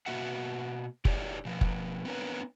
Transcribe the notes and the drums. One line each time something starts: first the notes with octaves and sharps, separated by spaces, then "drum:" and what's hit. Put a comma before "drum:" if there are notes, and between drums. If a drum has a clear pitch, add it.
B2 A#3 F#4 E5 F#5
D#4 G4 G#4 C#5 D5, drum: kick F#1
B2 F3
drum: kick F#1
B3 C4 D4 A#4 B4 C#5